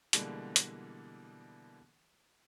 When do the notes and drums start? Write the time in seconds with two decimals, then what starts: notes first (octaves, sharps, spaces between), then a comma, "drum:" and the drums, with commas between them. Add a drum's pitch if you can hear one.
0.13 B2 D3 E3 G3 G#3 A#3, drum: hi-hat
0.56 drum: hi-hat